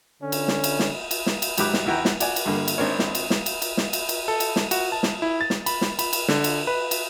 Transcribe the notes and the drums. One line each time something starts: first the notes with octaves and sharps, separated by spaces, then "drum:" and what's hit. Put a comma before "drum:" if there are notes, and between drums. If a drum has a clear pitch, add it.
D3 C#4
drum: cymbal
drum: snare
drum: cymbal
drum: snare
drum: cymbal
drum: snare
drum: cymbal
G#2 F#3 G4 B5 D6 F#6, drum: cymbal
drum: snare
E2 E3 E4 F#4 G5 A#5
drum: snare
F#4 D5 G#5, drum: cymbal
drum: cymbal
G2 D3 A#3
drum: cymbal
G#1 C4 D4 D#4 A#4 C#5
drum: snare
drum: cymbal
drum: snare
drum: cymbal
drum: cymbal
drum: snare
drum: cymbal
drum: cymbal
A4
drum: cymbal
drum: snare
F#4, drum: cymbal
A5
drum: snare
E4
A6
drum: snare
B5, drum: cymbal
drum: snare
B5, drum: cymbal
drum: cymbal
D3, drum: snare
drum: cymbal
B4
drum: cymbal